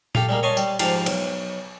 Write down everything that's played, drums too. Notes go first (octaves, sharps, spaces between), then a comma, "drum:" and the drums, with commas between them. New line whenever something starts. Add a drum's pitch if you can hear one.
G4 A4 F5, drum: tom A#2
G3 G#3 A#3
C#5 D#5 G#5 A5 C6
G3, drum: tambourine
G#2 F3 G4 F5 A5, drum: cymbal
B1, drum: cymbal